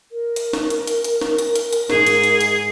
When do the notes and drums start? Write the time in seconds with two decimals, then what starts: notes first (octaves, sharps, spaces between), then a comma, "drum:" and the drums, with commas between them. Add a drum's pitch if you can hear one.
0.12 A#4
0.36 drum: hi-hat
0.53 drum: snare
0.70 drum: hi-hat
0.87 drum: hi-hat
1.04 drum: hi-hat
1.21 drum: snare
1.38 drum: hi-hat
1.56 drum: hi-hat
1.73 drum: hi-hat
1.90 G#2 G#4, drum: snare
2.07 drum: hi-hat
2.24 drum: hi-hat
2.41 drum: hi-hat